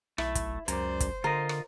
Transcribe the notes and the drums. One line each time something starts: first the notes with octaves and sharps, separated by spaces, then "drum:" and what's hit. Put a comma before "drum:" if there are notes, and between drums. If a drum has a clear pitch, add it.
B1 A3 E4, drum: rim click
drum: kick, hi-hat
C#2 F#2 A#4 C5 D5, drum: hi-hat
drum: kick, hi-hat
D3 F4 A#4 D#5
drum: rim click